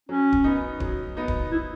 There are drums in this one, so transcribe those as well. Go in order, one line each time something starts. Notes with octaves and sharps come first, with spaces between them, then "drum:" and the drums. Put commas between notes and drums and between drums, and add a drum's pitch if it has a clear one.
F#3 C#4
drum: kick D1
B3 D#4
F#3, drum: kick D1
B3 D#4
drum: kick D1
E4